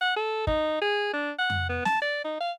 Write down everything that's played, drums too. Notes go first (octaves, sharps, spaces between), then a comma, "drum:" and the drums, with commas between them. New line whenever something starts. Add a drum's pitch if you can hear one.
F#5
A4
D#4, drum: kick
G#4
D4
F#5
drum: tom F2
B3
A5, drum: snare
D5
D#4
F5